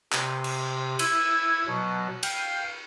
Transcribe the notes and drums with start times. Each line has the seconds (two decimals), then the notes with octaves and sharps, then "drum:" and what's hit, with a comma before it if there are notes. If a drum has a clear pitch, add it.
0.12 C3, drum: clap
0.44 drum: cymbal
0.99 E4 E6 G#6, drum: cymbal
1.67 B2 F#3
2.23 F5 G5, drum: cymbal